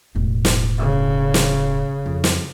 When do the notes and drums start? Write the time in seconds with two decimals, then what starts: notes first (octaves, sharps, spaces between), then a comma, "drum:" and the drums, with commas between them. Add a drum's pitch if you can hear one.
0.15 E1 A2
0.45 drum: snare
0.78 C#3
1.34 drum: snare
2.06 F2
2.24 drum: snare